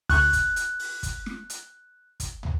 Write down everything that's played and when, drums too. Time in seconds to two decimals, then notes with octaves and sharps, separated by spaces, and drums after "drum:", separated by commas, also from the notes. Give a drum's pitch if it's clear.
0.10 D2 C#6 F#6, drum: open hi-hat
0.33 drum: kick, hi-hat
0.56 drum: hi-hat
0.80 drum: open hi-hat
1.03 drum: kick, hi-hat
1.26 drum: snare
1.50 drum: hi-hat
2.20 drum: kick, hi-hat
2.43 drum: tom